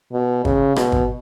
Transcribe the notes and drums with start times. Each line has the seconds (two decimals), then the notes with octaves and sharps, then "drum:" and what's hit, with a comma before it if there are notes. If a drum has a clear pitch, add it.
0.13 B2
0.45 C#3, drum: kick
0.76 B2, drum: rim click
0.92 drum: kick